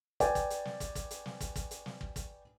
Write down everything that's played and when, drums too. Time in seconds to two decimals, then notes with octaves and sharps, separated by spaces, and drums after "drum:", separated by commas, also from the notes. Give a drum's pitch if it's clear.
0.20 B4 D5 G5 G#5, drum: kick, hi-hat
0.35 drum: kick, hi-hat
0.50 drum: hi-hat
0.65 drum: snare
0.80 drum: kick, hi-hat
0.95 drum: kick, hi-hat
1.11 drum: hi-hat
1.26 drum: snare
1.41 drum: kick, hi-hat
1.56 drum: kick, hi-hat
1.71 drum: hi-hat
1.86 drum: snare
2.01 drum: kick
2.16 drum: kick, hi-hat